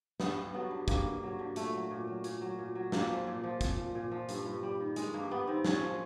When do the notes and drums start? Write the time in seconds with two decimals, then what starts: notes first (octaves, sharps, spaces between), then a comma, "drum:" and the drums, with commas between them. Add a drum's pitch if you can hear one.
0.20 G2 B3, drum: snare
0.37 G2
0.54 F#3 B3
0.71 D3
0.88 G2 A#3, drum: kick, hi-hat
1.05 G2
1.23 F#3
1.39 D3
1.56 A#2 A3, drum: hi-hat
1.73 F#3
1.91 A#2
2.07 F#3
2.24 A#2, drum: hi-hat
2.41 F#3
2.59 A#2
2.75 F#3
2.92 A#2 A#3, drum: snare
3.09 F3
3.27 A#2
3.43 F3
3.61 A#2, drum: kick, hi-hat
3.77 F3
3.95 A#2
4.12 F3
4.29 G2, drum: hi-hat
4.46 G2
4.63 G3
4.80 D#3
4.96 G2 G#3, drum: hi-hat
5.14 G2 A#3
5.31 G3 B3
5.47 D#3 C4
5.65 A#2 C#4, drum: snare
5.81 F3